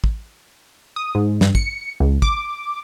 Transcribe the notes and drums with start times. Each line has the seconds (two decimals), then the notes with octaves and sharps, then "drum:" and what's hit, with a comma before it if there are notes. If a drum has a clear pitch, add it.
0.04 drum: kick
0.96 D#6
1.15 G#2
1.41 G2, drum: snare
1.55 C#7, drum: kick
2.00 C#2
2.22 D6, drum: kick